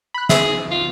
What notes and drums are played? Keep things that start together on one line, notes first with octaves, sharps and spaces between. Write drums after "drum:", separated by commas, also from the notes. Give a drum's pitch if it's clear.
B5 F#6
G#4 E5, drum: snare
F4